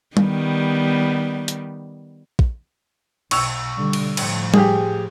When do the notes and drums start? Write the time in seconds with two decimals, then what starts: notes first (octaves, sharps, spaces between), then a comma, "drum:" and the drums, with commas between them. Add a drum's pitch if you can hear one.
0.17 D#3 G3 B3, drum: tom G3
1.48 drum: hi-hat
2.39 drum: kick
3.31 B1 C#6 E6 F7, drum: cymbal
3.76 D3 G3
3.93 drum: cymbal
4.17 A2 F3, drum: cymbal
4.54 G4 G#4, drum: tom G3